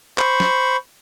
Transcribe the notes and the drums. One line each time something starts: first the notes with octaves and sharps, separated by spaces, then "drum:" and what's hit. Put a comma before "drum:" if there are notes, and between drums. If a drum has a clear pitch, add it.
C5 B5 C#6, drum: clap
drum: snare